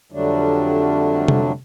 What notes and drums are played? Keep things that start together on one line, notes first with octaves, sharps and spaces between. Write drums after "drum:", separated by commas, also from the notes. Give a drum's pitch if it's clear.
F2 D3 F#3 G3 A3 D4
drum: tom C3